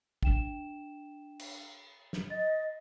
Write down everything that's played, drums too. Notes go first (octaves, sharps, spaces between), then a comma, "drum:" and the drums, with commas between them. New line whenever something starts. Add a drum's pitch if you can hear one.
D4 G5 E7, drum: kick
drum: cymbal
drum: snare
D#5 A6